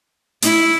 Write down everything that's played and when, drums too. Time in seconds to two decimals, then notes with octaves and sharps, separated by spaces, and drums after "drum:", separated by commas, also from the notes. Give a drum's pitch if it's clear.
0.42 E4, drum: hi-hat